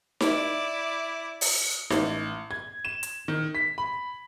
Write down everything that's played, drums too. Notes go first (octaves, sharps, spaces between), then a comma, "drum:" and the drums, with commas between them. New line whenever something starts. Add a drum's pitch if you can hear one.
E4 D5, drum: snare D#4
drum: open hi-hat
A1, drum: snare D#4
G#6
E7
drum: hi-hat
D#3
B6
B5